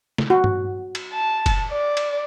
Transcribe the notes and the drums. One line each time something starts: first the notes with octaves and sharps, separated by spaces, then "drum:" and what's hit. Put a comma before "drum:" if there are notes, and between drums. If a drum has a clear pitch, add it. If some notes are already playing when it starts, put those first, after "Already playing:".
drum: snare
F#4
drum: tom G2
drum: cymbal
A5
drum: kick, cymbal
D5
drum: cymbal